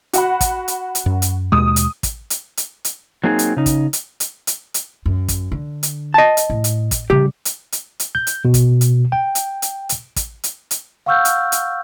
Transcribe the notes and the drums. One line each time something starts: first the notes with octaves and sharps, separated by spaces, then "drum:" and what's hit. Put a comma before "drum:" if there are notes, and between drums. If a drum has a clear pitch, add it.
F#4 F#5 B5, drum: hi-hat
drum: kick, hi-hat
drum: hi-hat
drum: hi-hat
F#2
drum: hi-hat
D#2 B2 G#3 D#6
drum: hi-hat
drum: kick, hi-hat
drum: hi-hat
drum: hi-hat
drum: hi-hat
F#3 A#3 C4 D#4 G#4
drum: hi-hat
C#3 D#4
drum: kick, hi-hat
drum: hi-hat
drum: hi-hat
drum: hi-hat
drum: hi-hat
F#2
drum: kick, hi-hat
D3
drum: hi-hat
D#5 A5
drum: hi-hat
A2
drum: hi-hat
drum: kick, hi-hat
C#3 G3 G4
drum: hi-hat
drum: hi-hat
drum: hi-hat
G6
drum: hi-hat
B2
drum: kick, hi-hat
drum: hi-hat
G5
drum: hi-hat
drum: hi-hat
drum: hi-hat
drum: kick, hi-hat
drum: hi-hat
drum: hi-hat
F5 F#5 C#6 E6 F6 G6
drum: hi-hat
drum: hi-hat